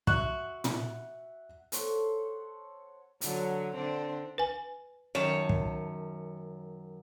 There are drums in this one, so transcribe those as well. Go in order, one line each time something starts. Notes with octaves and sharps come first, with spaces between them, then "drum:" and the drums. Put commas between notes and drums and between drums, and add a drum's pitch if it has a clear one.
F#4 E5 F#6, drum: kick
drum: tom
A4 C5 C#5 F#5, drum: hi-hat
D3 F#3, drum: hi-hat
D3 C4 D4
B4 G#5
F#2 D#3 C#5 A5
drum: kick